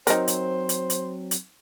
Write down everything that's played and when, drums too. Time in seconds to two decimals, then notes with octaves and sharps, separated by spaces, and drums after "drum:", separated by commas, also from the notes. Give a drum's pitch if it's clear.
0.07 F#3 C4 D#4 A#4 C5, drum: hi-hat
0.28 drum: hi-hat
0.69 drum: hi-hat
0.90 drum: hi-hat
1.31 drum: hi-hat